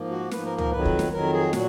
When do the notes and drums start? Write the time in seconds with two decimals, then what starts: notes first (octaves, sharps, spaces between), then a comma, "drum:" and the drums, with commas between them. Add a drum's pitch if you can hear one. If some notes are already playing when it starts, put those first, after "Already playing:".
Already playing: G#2 F3 A#3
0.11 F#4
0.31 G#2 F3 A#3 B4, drum: snare
0.45 A#4
0.58 A#4, drum: tom C#2
0.72 F2 D#3 F#3 B4
0.85 drum: kick
0.99 drum: snare
1.12 F2 D#3 F#3 A#4
1.33 G#4
1.53 A#2 F#3 F#4, drum: snare